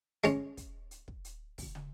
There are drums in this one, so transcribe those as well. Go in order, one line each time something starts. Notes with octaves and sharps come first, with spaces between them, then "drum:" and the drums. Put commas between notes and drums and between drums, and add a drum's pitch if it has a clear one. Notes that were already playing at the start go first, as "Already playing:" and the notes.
G#3 C#4, drum: hi-hat
drum: kick, hi-hat
drum: hi-hat
drum: kick
drum: hi-hat
drum: kick, open hi-hat
drum: tom